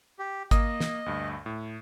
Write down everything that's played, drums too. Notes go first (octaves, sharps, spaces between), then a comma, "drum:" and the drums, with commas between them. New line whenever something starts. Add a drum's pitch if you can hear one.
G4
A#3 D#5 D#6, drum: kick, hi-hat
drum: snare
D2 G2
A2